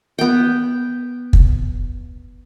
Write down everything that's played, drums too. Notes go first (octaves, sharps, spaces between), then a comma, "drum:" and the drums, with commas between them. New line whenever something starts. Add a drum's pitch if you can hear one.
B3 G5
drum: kick